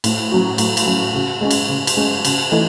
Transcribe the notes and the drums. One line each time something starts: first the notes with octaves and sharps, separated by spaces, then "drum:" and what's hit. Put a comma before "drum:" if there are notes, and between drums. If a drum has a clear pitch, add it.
A2, drum: cymbal
F#3 C#4 F#4
A2, drum: cymbal
drum: cymbal
F#3 C#4 F#4
C#3
G#3 C#4
drum: cymbal
C#3
drum: cymbal
G#3 C#4
C#3, drum: cymbal
E3 A3 D#4